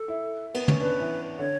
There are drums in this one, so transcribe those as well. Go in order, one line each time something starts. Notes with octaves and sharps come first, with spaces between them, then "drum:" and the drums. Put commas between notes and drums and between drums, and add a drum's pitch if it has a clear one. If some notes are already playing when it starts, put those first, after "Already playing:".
Already playing: A4
E4
B3, drum: cymbal
C#4, drum: tom
D4 B4
E3
D3 C#5